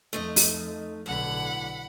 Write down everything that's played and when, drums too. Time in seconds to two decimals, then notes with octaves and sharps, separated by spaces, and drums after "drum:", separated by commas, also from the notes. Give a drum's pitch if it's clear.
0.13 F2 A3 D#4 D#5
0.36 drum: open hi-hat
1.06 B1 A2 D3 F#5 B5